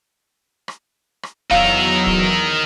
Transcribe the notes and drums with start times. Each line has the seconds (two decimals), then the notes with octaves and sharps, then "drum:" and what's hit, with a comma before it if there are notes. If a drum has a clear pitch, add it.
0.68 drum: rim click
1.23 drum: rim click
1.51 E2 F#3 D#4 A#4 F5 E6, drum: kick D1
2.06 drum: kick D1